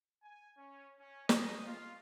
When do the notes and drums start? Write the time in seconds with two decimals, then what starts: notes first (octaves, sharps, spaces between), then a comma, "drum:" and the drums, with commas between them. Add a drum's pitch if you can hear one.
0.23 G#5
0.58 C#4
1.00 C#4
1.29 D#5, drum: snare
1.66 F4